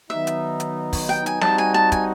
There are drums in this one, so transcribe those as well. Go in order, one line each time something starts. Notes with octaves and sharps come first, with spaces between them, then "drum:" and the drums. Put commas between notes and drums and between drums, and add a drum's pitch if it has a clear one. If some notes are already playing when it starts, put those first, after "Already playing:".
D#3 F#3 B3 D#4 E5
drum: hi-hat
drum: hi-hat
drum: kick, open hi-hat
G5
G#5, drum: hi-hat
G3 C4 D#4 F#4 A5, drum: snare
G#5
A5
G#5, drum: kick, hi-hat